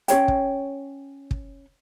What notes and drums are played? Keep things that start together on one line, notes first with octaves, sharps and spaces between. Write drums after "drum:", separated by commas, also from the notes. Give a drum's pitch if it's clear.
C#4 G#4 C#5 G5, drum: hi-hat
drum: kick
drum: kick